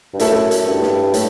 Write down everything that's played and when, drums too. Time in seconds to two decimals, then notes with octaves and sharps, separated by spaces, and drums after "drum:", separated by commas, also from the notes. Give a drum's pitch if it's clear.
0.13 G2
0.19 F#2 A3 E4 A4, drum: hi-hat
0.51 drum: hi-hat
0.67 G2
0.82 drum: snare
1.14 A2 A3, drum: hi-hat